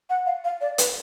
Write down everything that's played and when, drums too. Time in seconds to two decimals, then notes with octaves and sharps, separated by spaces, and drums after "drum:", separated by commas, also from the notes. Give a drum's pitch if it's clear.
0.10 F#5
0.26 F5
0.45 F5
0.61 D5
0.78 B4, drum: hi-hat